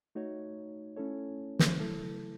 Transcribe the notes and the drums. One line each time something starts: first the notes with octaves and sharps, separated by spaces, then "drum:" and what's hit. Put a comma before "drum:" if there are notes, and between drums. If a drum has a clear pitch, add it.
A3 D#4 F#4 C#5
A3 C#4 E4 A4 C#5
drum: snare
C#3 F#3 A3 E4 A4